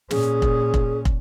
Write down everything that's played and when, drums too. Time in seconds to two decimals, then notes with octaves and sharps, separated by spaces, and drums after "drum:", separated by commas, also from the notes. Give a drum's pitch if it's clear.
0.10 A#2 C#4 G#4, drum: snare
0.42 drum: kick
0.74 drum: kick
1.05 drum: kick